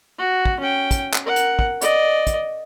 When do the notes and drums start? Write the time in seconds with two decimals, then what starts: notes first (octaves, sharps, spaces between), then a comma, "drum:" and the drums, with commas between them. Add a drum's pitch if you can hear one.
0.18 F#4
0.46 drum: kick
0.60 C#4 G5
0.91 drum: kick, hi-hat
1.13 drum: clap
1.24 A#4 F#5
1.36 drum: hi-hat
1.59 drum: kick
1.81 D5 D#5, drum: hi-hat
2.27 drum: kick, hi-hat